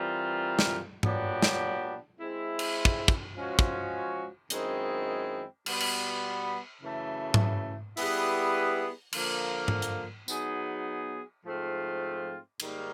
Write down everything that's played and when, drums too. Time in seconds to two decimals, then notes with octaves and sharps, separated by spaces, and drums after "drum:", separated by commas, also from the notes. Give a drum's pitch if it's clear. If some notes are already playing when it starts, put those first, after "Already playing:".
Already playing: E3 G3 C4 F4 A#4
0.59 drum: snare
1.03 A#2 F#3 B3 D4 G4, drum: tom G#2
1.42 drum: snare
2.19 G#3 C4 E4
2.59 drum: cymbal
2.85 drum: kick
3.08 drum: kick
3.35 F3 G#3 C#4 F#4
3.59 drum: kick
4.50 F#2 D#3 G#3 C4 E4, drum: hi-hat
5.66 B2 G3 B3, drum: cymbal
5.80 drum: cymbal
6.82 F#2 C#3 E3 A3
7.34 drum: tom G#2
7.97 G3 B3 E4 G#4 B4, drum: open hi-hat
9.12 D3 F3 A#3, drum: cymbal
9.68 drum: tom G#2
9.82 drum: hi-hat
10.28 F#3 B3 D#4 G#4, drum: tambourine
11.45 G#2 F3 A3 C4 F4
12.60 G#2 D#3 G3 A#3, drum: cymbal